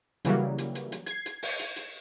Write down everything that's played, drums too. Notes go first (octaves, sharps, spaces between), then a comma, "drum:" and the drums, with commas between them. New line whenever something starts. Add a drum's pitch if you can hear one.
C#3 E3 F#3 G3 A#3, drum: hi-hat
drum: hi-hat
drum: hi-hat
drum: hi-hat
G#6 C7, drum: hi-hat
drum: hi-hat
drum: open hi-hat
drum: hi-hat
drum: hi-hat